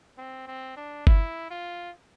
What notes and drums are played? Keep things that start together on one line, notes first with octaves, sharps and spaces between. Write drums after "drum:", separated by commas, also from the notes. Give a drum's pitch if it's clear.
C4
C4
D4
E4, drum: kick G1
F4